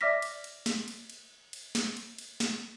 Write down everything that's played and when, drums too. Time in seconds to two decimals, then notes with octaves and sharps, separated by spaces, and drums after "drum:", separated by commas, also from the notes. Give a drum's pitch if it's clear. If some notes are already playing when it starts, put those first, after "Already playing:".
0.01 D5 E5 D6 F6 A#6 B6
0.22 drum: cymbal
0.44 drum: cymbal
0.66 drum: snare
0.88 drum: cymbal
1.10 drum: cymbal
1.53 drum: cymbal
1.75 drum: snare
1.97 drum: cymbal
2.18 drum: cymbal
2.40 drum: snare